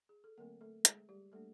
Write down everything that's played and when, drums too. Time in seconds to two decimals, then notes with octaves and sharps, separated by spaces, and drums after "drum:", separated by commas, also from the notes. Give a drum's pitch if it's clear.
0.09 G#4
0.24 A4
0.38 D3 F#3 A3 A#3 C4 A#4
0.61 A3 A4
0.85 G#3 G#4, drum: hi-hat
1.09 G3 G4
1.32 G3 A3 A#3 D4 A4